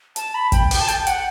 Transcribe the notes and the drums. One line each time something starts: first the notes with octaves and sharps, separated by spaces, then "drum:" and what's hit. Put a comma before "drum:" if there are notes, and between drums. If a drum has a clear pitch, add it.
A5, drum: hi-hat
B5
G5, drum: kick, hi-hat
G5, drum: open hi-hat
A5
G5, drum: hi-hat
F#5, drum: hi-hat